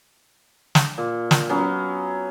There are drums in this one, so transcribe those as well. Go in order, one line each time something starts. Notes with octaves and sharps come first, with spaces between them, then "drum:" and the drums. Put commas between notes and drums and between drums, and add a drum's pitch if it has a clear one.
drum: snare
A#2
drum: snare
F#3 B3 C#4